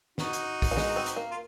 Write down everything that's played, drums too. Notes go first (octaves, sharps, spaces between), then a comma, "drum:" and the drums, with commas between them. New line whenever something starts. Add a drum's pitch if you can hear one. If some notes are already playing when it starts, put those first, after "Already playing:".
D#4 F#4, drum: snare
drum: hi-hat
drum: kick A#1, open hi-hat
A#3
G#3, drum: snare
C4
drum: hi-hat
A#3
F4